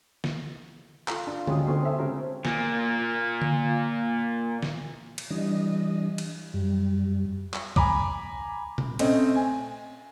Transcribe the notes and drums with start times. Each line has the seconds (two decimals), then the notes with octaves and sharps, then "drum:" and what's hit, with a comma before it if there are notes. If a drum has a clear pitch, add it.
0.24 drum: snare
1.08 F4 A4 A#5, drum: clap
1.27 D4
1.47 D2 G#2 G3 G#3 C#4 D#5, drum: tom D3
1.66 B2 D3 C4 C#4 C6
1.85 A4 E5
1.99 C#3 G#3 C4 A#4
2.45 A#2 A#3, drum: snare
3.42 drum: tom D3
4.62 drum: snare
5.18 drum: cymbal
5.30 E3 G3 D4 D#5
6.18 drum: cymbal
6.54 F#2 G3
7.54 drum: clap
7.76 G#5 A#5 B5 D6, drum: kick B1
8.78 drum: tom A#2
8.99 A3 C4 C#4 D#5, drum: cymbal
9.35 G#5